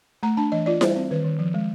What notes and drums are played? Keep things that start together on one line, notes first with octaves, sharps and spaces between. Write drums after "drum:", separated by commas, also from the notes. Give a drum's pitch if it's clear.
A3 A#5
D4 A5
E3 D#5
F4 D5
G3 C5, drum: snare E4
C4
D#3 B4
D#3
F3
G#3